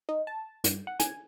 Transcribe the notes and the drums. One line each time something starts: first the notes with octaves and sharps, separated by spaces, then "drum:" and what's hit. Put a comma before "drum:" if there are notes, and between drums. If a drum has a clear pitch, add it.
D#4
A5
G2, drum: hi-hat
F#5
G#5, drum: hi-hat